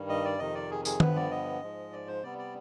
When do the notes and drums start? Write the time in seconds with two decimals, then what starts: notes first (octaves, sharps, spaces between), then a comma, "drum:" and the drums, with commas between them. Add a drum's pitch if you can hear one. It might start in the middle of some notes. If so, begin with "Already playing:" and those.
Already playing: G2 D#3 G3
0.09 D#5
0.25 D5
0.39 F2 C3 D#3 D#5
0.55 D5
0.71 G#4
0.85 G#4, drum: tambourine
1.00 G2 D3 F3 B3 B4, drum: tom D#3
1.16 D5
1.31 D#5
1.62 G#2 F3 G#3
1.92 D5
2.08 C5
2.23 C3 G3 B3 D5
2.38 D5